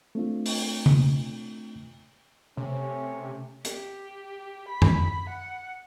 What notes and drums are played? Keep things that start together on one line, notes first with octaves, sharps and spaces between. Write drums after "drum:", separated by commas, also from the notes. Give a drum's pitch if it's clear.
A3 C4 D4 F4
drum: open hi-hat
drum: tom C#3
C3 A3 C#4
G4, drum: hi-hat
B5
drum: tom F#2
F#5